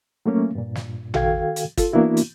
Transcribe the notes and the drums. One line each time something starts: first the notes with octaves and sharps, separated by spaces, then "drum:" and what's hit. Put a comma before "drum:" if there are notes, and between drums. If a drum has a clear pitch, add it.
F#3 A3 A#3 C#4
G2 A#2
drum: snare
D#3 F#4 A4 F5 G5 G#6, drum: tom A1
drum: hi-hat
F4 A4, drum: kick, hi-hat
E3 A#3 B3 D4 E4 F#4
drum: hi-hat